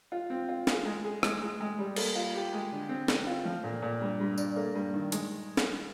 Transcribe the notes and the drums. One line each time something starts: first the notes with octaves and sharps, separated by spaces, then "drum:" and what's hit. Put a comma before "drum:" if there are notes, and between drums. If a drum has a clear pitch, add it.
F4
C4
F4
G#4, drum: snare
G#3
G#4
G#3, drum: rim click
G#3
G#3
G3
A#3, drum: cymbal
F4
G4
G#3
D3
C4
C4, drum: snare
F4
F3
A#2
A#2
G2
G2
D4, drum: tambourine
A#3
G2
D#3
G#3, drum: hi-hat
drum: snare